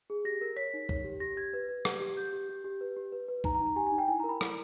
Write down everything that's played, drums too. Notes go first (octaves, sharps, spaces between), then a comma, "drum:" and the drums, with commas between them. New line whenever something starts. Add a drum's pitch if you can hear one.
G#4
G4 A#6
A#4
C#5 B6
D#4
C#5, drum: kick
G4
G4 A#6
G4 G#6
B4
B4
G4, drum: rim click
G4
G4 G6
G4
G4
G4
B4
G4
B4
B4
D#4 A#5, drum: kick
A#5
D#4
A#5
G4 G#5
G#5
D#4
G5
E4 G#5
A#5
A#4
B5
E4, drum: rim click